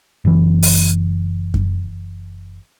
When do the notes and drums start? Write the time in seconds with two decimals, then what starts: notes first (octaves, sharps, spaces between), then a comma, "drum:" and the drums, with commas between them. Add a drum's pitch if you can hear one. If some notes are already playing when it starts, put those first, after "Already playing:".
0.25 F#1 E3
0.63 drum: open hi-hat
1.54 drum: kick F#2